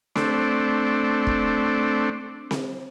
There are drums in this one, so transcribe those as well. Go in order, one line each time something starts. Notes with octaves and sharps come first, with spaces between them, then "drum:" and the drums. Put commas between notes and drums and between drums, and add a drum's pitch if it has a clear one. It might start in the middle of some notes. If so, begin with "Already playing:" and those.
A3 C4 D4, drum: snare C4
drum: kick
drum: snare C4